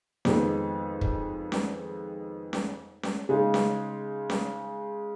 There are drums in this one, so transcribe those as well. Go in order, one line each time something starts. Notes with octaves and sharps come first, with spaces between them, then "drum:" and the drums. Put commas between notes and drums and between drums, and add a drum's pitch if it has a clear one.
F2 D#3 G#3 B3 D#4, drum: snare C#4
drum: kick
drum: snare C#4
drum: snare C#4
drum: snare C#4
C#3 G#3 D#4
drum: snare C#4
drum: snare C#4